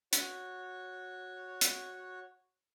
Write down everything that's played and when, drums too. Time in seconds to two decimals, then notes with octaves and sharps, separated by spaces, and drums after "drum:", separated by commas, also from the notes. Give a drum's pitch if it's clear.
0.13 F#4 C#5, drum: hi-hat
1.61 drum: hi-hat